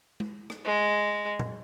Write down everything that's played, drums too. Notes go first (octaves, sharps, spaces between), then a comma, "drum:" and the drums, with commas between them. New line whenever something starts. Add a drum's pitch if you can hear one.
drum: tom G#3
drum: rim click
G#3
drum: tom A#2